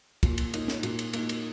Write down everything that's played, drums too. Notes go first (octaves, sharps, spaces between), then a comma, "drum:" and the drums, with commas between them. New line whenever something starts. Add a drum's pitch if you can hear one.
A#2, drum: kick, cymbal
drum: cymbal
A#3 D#4, drum: cymbal
drum: snare
A#2, drum: cymbal
drum: cymbal
A#3 D#4, drum: cymbal
drum: cymbal